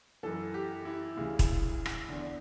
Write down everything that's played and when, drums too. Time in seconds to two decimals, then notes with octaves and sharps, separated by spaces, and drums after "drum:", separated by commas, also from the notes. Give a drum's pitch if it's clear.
0.23 F#2 E3 A4
0.54 G4
0.85 E4
1.16 D2 C#3 E3
1.39 drum: kick, hi-hat
1.86 drum: rim click
2.08 E2 D3